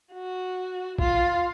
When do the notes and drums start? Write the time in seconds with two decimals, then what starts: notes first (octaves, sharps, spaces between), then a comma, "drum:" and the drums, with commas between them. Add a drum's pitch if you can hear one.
0.14 F#4
0.99 F4, drum: kick A#1